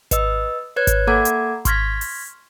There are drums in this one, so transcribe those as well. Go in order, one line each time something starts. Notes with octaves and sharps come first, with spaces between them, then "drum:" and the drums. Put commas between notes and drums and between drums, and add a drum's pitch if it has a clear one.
B4 D#5 E6, drum: kick G#1, hi-hat
B4 C#5 F#6 G#6
drum: kick G#1, hi-hat
A#3 A4 F#5 A#5 D6 G#6
drum: hi-hat
C6 C#6 F6 G#6 A#6 B6, drum: kick G#1, hi-hat
drum: open hi-hat